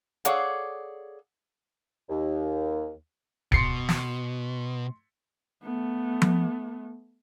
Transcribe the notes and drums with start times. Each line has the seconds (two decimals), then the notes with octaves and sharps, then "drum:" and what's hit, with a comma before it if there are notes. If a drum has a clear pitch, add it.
0.25 G#4 A4 C#5 D5 F5 F#5, drum: hi-hat
2.09 D#2
3.52 B2 C6 C7 C#7, drum: kick
3.89 drum: snare
5.63 A3 B3
6.22 drum: tom F3